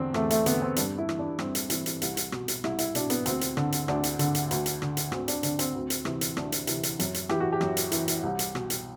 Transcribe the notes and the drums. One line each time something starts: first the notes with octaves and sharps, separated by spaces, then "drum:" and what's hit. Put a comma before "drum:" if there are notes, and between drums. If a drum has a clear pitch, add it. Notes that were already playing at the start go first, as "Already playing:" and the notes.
Already playing: E2 D3 C4 D4
E2 A3, drum: rim click
A3, drum: hi-hat
D3 B3, drum: hi-hat
C4
G2 D4, drum: hi-hat
E4
E3, drum: rim click
D4
G2 C4, drum: rim click
drum: hi-hat
E3 C4, drum: hi-hat
drum: hi-hat
C2 E4, drum: hi-hat
drum: hi-hat
B2, drum: rim click
drum: hi-hat
C2 E4, drum: rim click
E4, drum: hi-hat
B2 D4, drum: hi-hat
B3, drum: hi-hat
D2 C4, drum: hi-hat
drum: hi-hat
D3, drum: rim click
drum: hi-hat
D2 D4, drum: rim click
drum: hi-hat
D3, drum: hi-hat
drum: hi-hat
D2, drum: hi-hat
drum: hi-hat
D3, drum: rim click
drum: hi-hat
D2 C4, drum: rim click
D4, drum: hi-hat
D3 D4, drum: hi-hat
C4, drum: hi-hat
D2
drum: hi-hat
C3 E3, drum: rim click
drum: hi-hat
D2 D4, drum: rim click
drum: hi-hat
C3 E3, drum: hi-hat
drum: hi-hat
F#2, drum: hi-hat
drum: hi-hat
E3 G4, drum: rim click
F#4
G4
F#2, drum: rim click
drum: hi-hat
E3, drum: hi-hat
drum: hi-hat
C2
drum: hi-hat
B2, drum: rim click
drum: hi-hat